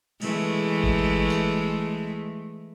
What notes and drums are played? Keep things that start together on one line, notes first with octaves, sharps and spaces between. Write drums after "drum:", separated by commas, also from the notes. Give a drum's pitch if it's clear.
E3 G#3 A3, drum: cymbal
drum: kick G#1
drum: tambourine